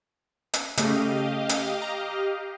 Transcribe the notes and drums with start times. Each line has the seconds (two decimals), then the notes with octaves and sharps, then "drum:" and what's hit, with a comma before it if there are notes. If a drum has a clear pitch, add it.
0.54 drum: hi-hat
0.77 C#3 A3 G4 D#5 F5, drum: hi-hat
1.49 drum: hi-hat
1.82 A#5